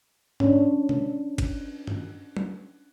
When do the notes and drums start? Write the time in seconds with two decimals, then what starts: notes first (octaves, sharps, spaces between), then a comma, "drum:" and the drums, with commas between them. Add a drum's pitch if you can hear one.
0.40 C#4 D4, drum: tom G#2
0.89 drum: tom
1.38 drum: kick G1, cymbal
1.87 drum: tom
2.37 drum: tom